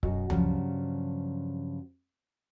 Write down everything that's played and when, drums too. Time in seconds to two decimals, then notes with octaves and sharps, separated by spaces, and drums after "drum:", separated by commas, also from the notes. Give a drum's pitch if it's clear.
0.03 F#2 B2 F#4 D#5, drum: kick C#1
0.30 G2 C#3 F3 F#3, drum: tom D2